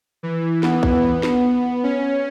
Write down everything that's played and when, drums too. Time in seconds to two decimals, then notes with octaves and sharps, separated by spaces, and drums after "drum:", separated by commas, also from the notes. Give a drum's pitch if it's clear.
0.23 E3
0.63 B3, drum: snare
0.83 drum: kick
1.03 B3
1.23 drum: snare
1.84 C#4